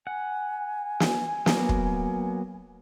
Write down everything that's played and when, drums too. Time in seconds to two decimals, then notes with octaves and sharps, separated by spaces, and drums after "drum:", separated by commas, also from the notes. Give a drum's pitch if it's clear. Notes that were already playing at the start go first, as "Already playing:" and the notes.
0.07 F#5 G#5
1.00 drum: snare
1.46 F#3 A#3 B3, drum: snare
1.69 drum: kick